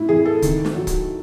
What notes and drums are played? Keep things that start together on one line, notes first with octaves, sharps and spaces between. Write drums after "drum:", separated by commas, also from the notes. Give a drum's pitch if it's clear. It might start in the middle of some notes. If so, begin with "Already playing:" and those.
Already playing: A2 E4
E3 G#4
A4
D#3, drum: kick C#1, hi-hat
drum: snare
F#3
drum: kick C#1, hi-hat